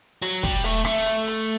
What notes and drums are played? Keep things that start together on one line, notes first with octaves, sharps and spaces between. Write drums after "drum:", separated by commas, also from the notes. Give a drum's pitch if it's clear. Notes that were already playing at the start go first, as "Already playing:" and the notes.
F#3, drum: hi-hat
G3, drum: kick, hi-hat
A3, drum: hi-hat
A3, drum: rim click
drum: hi-hat
drum: hi-hat